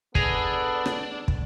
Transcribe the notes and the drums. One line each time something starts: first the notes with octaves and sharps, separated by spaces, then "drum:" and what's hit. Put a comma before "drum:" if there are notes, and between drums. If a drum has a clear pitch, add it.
B3 D4 G#4 A4 G#5 A#5, drum: kick
drum: rim click
drum: kick